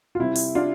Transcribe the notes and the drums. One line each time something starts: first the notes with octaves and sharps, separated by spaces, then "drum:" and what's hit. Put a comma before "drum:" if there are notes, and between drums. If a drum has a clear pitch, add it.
F4
C3 G3 C4 E4
drum: open hi-hat
D4 F4